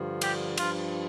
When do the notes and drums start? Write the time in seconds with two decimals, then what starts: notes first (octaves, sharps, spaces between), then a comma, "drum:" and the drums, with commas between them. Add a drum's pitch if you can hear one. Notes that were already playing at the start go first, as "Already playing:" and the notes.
Already playing: G2 D3 F3
0.21 G4, drum: cymbal
0.57 G2 F3 F4, drum: cymbal